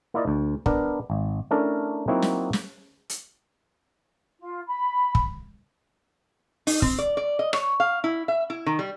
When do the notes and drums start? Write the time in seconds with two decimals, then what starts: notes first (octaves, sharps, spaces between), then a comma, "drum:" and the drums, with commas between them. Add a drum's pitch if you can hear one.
0.14 A#3 E4 F4 D5 D#5
0.28 D2
0.66 B3 D4 A#4, drum: kick
1.10 G#1
1.51 A3 C#4 D4 E4 A4 A#4
2.08 F#3 A#3 C4 D#4 E4 F#4
2.22 drum: snare
2.53 drum: snare
3.09 drum: hi-hat
4.40 F4
4.67 B5
5.15 drum: kick
6.67 D#4, drum: open hi-hat
6.82 C4, drum: kick
6.99 D5
7.17 D5
7.39 D#5
7.53 C#5, drum: rim click
7.80 F5
8.04 E4
8.28 E5
8.50 E4
8.66 D#3
8.79 G3